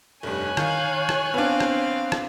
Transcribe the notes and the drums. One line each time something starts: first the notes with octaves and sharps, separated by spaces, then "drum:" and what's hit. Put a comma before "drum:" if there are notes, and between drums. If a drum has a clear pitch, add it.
F1 G2 C#5 G#5 F#6
D#3 F5, drum: rim click
drum: rim click
B3 C4 D4 F5
drum: rim click
drum: rim click